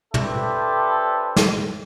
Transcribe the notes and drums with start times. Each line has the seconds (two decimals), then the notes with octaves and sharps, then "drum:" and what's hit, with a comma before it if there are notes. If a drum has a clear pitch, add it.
0.14 D4 G4 A4 B4 C5 E5, drum: tom
1.36 drum: snare